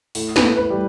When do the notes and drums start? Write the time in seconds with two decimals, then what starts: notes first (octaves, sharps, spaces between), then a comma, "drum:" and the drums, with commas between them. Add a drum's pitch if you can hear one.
0.15 A2, drum: open hi-hat
0.36 B4, drum: snare
0.43 A2
0.56 B4
0.70 G3